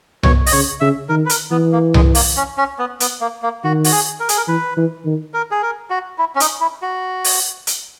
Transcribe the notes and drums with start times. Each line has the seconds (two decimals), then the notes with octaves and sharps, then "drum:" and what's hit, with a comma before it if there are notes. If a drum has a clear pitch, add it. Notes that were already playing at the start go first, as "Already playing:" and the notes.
0.23 B2 C#5, drum: tom C2
0.46 D#5, drum: open hi-hat
0.52 C#3 C#5
0.80 C#3 E5
1.09 D#3 A#4
1.26 B4
1.29 A#4, drum: hi-hat
1.51 E3 B3
1.72 A#3
1.94 G#3, drum: tom C2
2.15 A#3, drum: open hi-hat
2.37 C#4
2.58 C#4
2.79 B3
3.00 B3, drum: hi-hat
3.21 A#3
3.43 A#3
3.64 D#3 F#4
3.84 F#4, drum: open hi-hat
3.92 G#4
4.20 A#4
4.29 G#4, drum: hi-hat
4.37 A#4
4.48 E3 B4
4.77 E3
5.05 D#3
5.34 A#4
5.51 G#4
5.62 A#4
5.90 F#4
6.18 E4
6.35 C#4
6.40 D#4, drum: hi-hat
6.61 E4
6.82 F#4
7.24 drum: open hi-hat
7.67 drum: hi-hat